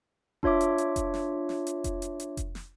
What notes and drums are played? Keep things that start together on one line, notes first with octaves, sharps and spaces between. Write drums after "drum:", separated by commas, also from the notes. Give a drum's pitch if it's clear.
D4 F4 C#5 E5 D6, drum: kick F1
drum: hi-hat
drum: hi-hat
drum: kick F1, hi-hat
drum: snare
drum: snare
drum: hi-hat
drum: kick F1, hi-hat
drum: hi-hat
drum: hi-hat
drum: kick F1, hi-hat
drum: snare